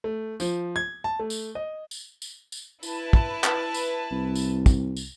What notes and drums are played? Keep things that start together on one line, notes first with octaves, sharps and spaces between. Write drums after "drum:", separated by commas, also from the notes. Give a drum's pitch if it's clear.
A3
F3, drum: tambourine
G#6
A5
A3
drum: tambourine
D#5
drum: tambourine
drum: tambourine
drum: tambourine
E4 B4 A5, drum: tambourine
drum: kick
drum: clap
drum: tambourine
C2
drum: tambourine
drum: kick, tambourine
drum: tambourine